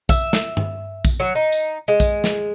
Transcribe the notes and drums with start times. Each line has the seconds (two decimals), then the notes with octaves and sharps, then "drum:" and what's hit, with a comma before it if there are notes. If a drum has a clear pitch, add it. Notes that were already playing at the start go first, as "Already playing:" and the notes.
0.09 E5, drum: kick A#1, tambourine
0.33 drum: snare
0.57 drum: tom G2
1.05 drum: kick A#1, tambourine
1.20 F#3
1.35 D#4
1.52 drum: tambourine
1.88 G#3
2.00 drum: kick A#1, tambourine
2.24 drum: snare